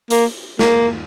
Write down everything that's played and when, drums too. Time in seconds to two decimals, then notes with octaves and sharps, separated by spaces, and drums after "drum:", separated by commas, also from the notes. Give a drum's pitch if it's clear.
0.10 A#3, drum: hi-hat
0.59 A#3, drum: snare